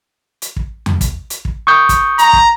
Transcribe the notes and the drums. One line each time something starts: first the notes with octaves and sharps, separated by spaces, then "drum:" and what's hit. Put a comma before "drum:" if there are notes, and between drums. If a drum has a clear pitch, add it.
drum: hi-hat
drum: kick
drum: tom E2
drum: kick, hi-hat
drum: hi-hat
drum: kick
C#6 D#6 G6
drum: kick, hi-hat
A#5, drum: hi-hat
drum: kick